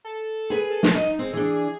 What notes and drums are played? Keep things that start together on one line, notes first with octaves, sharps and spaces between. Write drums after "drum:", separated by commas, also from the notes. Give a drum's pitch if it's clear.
A4
G#4 B4
A4
drum: snare
D#4 D#5
G#3 C4
E3 D4 G#4